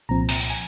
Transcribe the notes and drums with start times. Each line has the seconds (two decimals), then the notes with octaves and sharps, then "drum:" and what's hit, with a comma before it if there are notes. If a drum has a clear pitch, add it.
0.09 C2 A#2 F3 C4 A#5
0.29 A#5, drum: open hi-hat
0.50 G#5